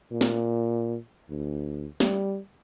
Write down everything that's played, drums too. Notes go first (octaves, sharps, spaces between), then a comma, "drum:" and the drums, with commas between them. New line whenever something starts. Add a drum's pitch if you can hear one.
A#2
drum: snare
D2
G3, drum: snare